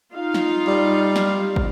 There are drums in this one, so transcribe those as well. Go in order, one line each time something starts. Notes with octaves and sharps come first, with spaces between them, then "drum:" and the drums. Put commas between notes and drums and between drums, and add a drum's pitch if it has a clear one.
D#4 F4 F5
drum: snare
G3
drum: snare
drum: kick